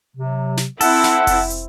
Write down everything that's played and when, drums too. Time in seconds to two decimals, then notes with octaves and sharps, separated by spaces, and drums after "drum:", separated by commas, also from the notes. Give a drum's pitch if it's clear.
0.16 C3 F#3
0.57 drum: snare
0.81 C4 E4 A4 F#5, drum: open hi-hat
1.04 drum: snare
1.27 drum: kick F1, open hi-hat
1.50 drum: hi-hat